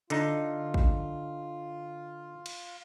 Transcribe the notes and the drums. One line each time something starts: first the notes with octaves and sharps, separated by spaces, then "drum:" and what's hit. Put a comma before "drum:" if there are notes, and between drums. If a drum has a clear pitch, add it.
D3 D#4 F4, drum: hi-hat
drum: kick
drum: cymbal